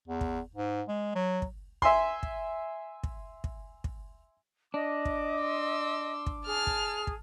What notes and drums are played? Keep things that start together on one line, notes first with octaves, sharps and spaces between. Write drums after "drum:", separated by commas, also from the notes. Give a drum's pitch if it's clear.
E2
drum: kick
G#2
G#3
F#3
drum: kick
E5 G#5 C6, drum: kick
drum: kick
drum: kick
drum: kick
drum: kick
D4 D#5 D6
drum: kick
C6 E6
drum: kick
G#4 A5 F6
drum: kick
drum: kick